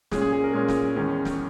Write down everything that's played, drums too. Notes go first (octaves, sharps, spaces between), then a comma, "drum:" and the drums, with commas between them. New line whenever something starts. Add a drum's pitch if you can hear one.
A#2 G#3 C#4 G#4, drum: snare
G#4
G#4
A#4
A#2 G#3 C#4 G#4
drum: snare
E2 D#3 G#3 C#4
drum: snare